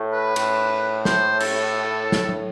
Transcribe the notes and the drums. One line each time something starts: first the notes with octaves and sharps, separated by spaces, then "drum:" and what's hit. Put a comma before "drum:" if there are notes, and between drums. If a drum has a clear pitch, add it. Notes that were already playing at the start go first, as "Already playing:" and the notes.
Already playing: A2
B4
A2, drum: cymbal
C5, drum: snare
A4, drum: cymbal
drum: snare
drum: tom F#3